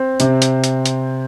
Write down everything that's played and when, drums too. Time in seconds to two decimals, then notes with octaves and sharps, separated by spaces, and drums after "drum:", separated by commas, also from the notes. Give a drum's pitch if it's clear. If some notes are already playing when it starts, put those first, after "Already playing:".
Already playing: C4
0.20 C3, drum: hi-hat
0.42 drum: hi-hat
0.64 drum: hi-hat
0.85 drum: hi-hat